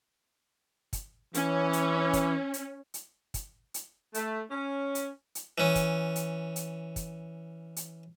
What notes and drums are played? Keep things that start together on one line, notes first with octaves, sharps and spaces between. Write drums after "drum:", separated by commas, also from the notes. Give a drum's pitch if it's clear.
drum: kick, hi-hat
E3 C#4, drum: hi-hat
drum: hi-hat
drum: kick, hi-hat
drum: hi-hat
drum: hi-hat
drum: kick, hi-hat
drum: hi-hat
A3, drum: hi-hat
C#4
drum: hi-hat
drum: hi-hat
E3 C#4
drum: kick, hi-hat
drum: hi-hat
drum: hi-hat
drum: kick, hi-hat
drum: hi-hat